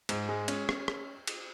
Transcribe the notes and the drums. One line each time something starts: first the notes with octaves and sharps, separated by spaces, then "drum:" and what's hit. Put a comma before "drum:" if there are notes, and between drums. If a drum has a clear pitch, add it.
G#2, drum: cymbal
G#3
C#4, drum: cymbal
C#4, drum: rim click
drum: rim click
drum: cymbal